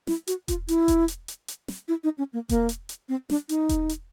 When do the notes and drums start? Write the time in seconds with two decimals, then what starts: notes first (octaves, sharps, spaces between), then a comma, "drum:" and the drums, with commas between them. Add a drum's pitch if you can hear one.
0.07 E4, drum: snare
0.27 F#4, drum: hi-hat
0.48 F4, drum: kick E1, hi-hat
0.68 E4, drum: hi-hat
0.88 drum: kick E1, hi-hat
1.08 drum: hi-hat
1.28 drum: hi-hat
1.48 drum: hi-hat
1.68 drum: snare
1.88 E4
2.04 D#4
2.18 C#4
2.33 A#3
2.49 A#3, drum: kick E1, hi-hat
2.69 drum: hi-hat
2.89 drum: hi-hat
3.09 C4
3.30 D4, drum: snare
3.49 D#4, drum: hi-hat
3.69 drum: kick E1, hi-hat
3.89 drum: hi-hat